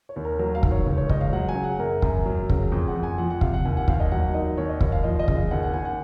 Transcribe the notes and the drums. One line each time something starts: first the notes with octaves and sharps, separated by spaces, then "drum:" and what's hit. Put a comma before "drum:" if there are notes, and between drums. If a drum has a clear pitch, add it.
C#5
D#2
A#4
F#3 A#4
F5
D#3, drum: kick
C#5
C#2
C#5
C#2 D#5, drum: kick
F5
F#3 F#5
G#5
C#3
F#5
F#2 A#4
F#2, drum: kick
F#3
C#3, drum: kick
F2 G#4
F#5
F2
G#5
F3 F#5
F#5
C3 F5, drum: kick
F#5
D#2 G#5
F#5
D#2 F5, drum: kick
D#5
F#3 F#5
D#3 D#5
D#2 C#5
D#5
D#2, drum: kick
F5
F3 D#5
D#5
C#3, drum: kick
F5
D#2 F#5
F#5
D#2 G#5
F#5